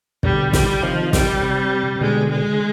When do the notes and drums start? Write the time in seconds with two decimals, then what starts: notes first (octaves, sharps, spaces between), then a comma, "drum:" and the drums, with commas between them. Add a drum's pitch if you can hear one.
0.23 B2 D3 G3, drum: kick
0.53 G3, drum: snare
0.83 C3 D#3 F3
1.13 G3, drum: snare
1.42 C3
1.96 C3
2.01 B2 D3 G#3
2.31 G#3
2.54 D3